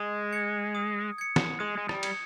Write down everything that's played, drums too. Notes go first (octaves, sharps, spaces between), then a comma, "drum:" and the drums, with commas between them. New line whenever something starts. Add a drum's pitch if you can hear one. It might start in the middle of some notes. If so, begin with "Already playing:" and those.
Already playing: G#3 D#6
G#6 C#7
D#6
G#6 C#7
drum: snare
G#3 D#6
G#3
G3, drum: rim click
G#6 C#7, drum: cymbal